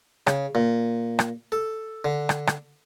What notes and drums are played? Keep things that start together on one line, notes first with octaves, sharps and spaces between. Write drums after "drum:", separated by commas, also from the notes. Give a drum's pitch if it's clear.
C#3, drum: rim click
A#2
drum: rim click
A4
D3
drum: rim click
drum: rim click